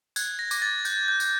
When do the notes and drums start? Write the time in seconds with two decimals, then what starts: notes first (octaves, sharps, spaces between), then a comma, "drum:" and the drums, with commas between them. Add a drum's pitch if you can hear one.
0.16 F#6 G#6, drum: tambourine
0.39 A#6
0.51 D6, drum: tambourine
0.62 A6
0.85 G6, drum: tambourine
1.08 G6
1.20 G6, drum: tambourine